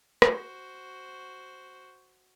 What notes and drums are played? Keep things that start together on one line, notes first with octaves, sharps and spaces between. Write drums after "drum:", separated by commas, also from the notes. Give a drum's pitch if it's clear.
F#4 C5, drum: rim click